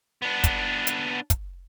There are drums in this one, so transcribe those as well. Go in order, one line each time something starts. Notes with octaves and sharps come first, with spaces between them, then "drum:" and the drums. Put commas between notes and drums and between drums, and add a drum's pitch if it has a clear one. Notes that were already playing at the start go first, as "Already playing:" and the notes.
B3 D4
drum: kick, hi-hat
drum: hi-hat
drum: kick, hi-hat